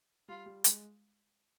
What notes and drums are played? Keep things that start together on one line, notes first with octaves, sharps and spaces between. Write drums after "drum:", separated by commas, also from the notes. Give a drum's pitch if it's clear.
G3 F4
G3
G#3, drum: hi-hat